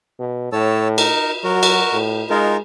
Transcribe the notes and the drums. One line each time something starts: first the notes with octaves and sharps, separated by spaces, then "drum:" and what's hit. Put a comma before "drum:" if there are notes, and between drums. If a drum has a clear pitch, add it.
B2
A2 C#5 A5 E6
D#4 A#4, drum: cymbal
F#3 F#4 A#4
drum: cymbal
A2
G#3 D#4 F4 A#4